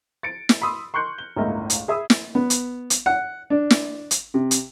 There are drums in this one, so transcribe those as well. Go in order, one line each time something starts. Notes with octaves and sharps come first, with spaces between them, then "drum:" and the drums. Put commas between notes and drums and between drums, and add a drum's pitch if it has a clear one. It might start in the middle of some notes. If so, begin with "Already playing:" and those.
A6 C#7 D7
drum: snare
B5 C6 D#6 E6
C6 C#6 F#6 G6 C#7
G7
G1 C#2 A2 A#4 D#5 E5
drum: hi-hat
G#4 E5 B5 D#6 E6
drum: snare
B3
drum: hi-hat
drum: hi-hat
F#5
D4
drum: snare
drum: hi-hat
C3
drum: hi-hat